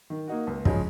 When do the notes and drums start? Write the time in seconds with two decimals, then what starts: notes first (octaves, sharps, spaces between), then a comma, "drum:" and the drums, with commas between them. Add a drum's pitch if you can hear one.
0.10 D#3
0.28 A#3 D#4 F#4
0.47 C#2
0.65 C#3 F3 G#3 C#4, drum: kick